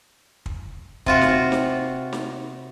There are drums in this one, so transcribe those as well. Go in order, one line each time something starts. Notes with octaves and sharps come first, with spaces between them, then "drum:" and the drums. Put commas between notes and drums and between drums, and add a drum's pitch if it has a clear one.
drum: kick
C3 F4 F#4, drum: kick
drum: snare
drum: snare
drum: snare